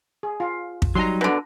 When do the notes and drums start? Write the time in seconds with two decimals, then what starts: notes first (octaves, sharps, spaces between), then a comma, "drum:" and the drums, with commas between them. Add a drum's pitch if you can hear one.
0.23 G#4
0.40 F4
0.82 drum: kick
0.95 F#3 G3 D#4 A#5 C6
1.21 B2 D3